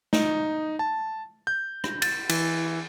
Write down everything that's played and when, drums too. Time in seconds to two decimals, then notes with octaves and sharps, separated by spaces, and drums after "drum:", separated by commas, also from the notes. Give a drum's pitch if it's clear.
0.13 D#4, drum: snare
0.79 A5
1.47 G6
1.84 drum: rim click
2.02 A6, drum: cymbal
2.29 E3, drum: cymbal